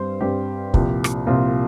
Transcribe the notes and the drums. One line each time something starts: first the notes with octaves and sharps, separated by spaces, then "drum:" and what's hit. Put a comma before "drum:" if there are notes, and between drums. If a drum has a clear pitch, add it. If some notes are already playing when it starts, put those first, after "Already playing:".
Already playing: G2 G3 C4 C5
G2 G3 C4 G4
C2 A#2 F3 C4, drum: kick
drum: rim click
C2 A#2 F3 C4 F4